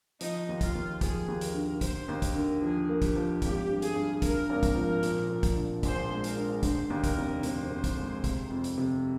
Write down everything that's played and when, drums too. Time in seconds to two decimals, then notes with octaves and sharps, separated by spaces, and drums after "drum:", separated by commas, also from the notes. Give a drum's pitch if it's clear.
0.21 F3 D#4, drum: hi-hat
0.49 D#2
0.61 F4, drum: kick, hi-hat
0.75 D#2
1.01 F3 G#4, drum: kick, hi-hat
1.28 D#2
1.41 A#4, drum: hi-hat
1.55 D3
1.81 D3 C5, drum: kick, hi-hat
2.08 D#2
2.22 A#4, drum: kick, hi-hat
2.35 D3
2.62 F3 G#4
2.89 A#3
3.02 G4, drum: kick, hi-hat
3.16 F3
3.42 G#1 G4, drum: kick, hi-hat
3.69 G2
3.82 G#4, drum: hi-hat
3.95 G2
4.22 G2 A#4, drum: kick, hi-hat
4.50 G#1
4.63 drum: kick, hi-hat
4.76 F3
5.03 A#2, drum: hi-hat
5.30 A#2
5.43 drum: kick, hi-hat
5.56 D4
5.83 A#1 C5, drum: kick, hi-hat
6.11 G#3
6.24 A#4, drum: hi-hat
6.37 D4
6.63 D3 C5, drum: kick, hi-hat
6.90 D#2
7.04 A#4, drum: kick, hi-hat
7.17 F1
7.43 F1 C5, drum: hi-hat
7.70 F1
7.84 drum: kick, hi-hat
7.97 G#3
8.24 C3, drum: kick, hi-hat
8.50 F2
8.64 drum: hi-hat
8.78 C3